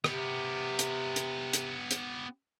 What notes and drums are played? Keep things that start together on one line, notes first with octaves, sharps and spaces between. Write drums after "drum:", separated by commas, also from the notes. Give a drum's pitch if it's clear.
C3 B3 G4, drum: rim click
drum: hi-hat
drum: hi-hat
drum: hi-hat
drum: hi-hat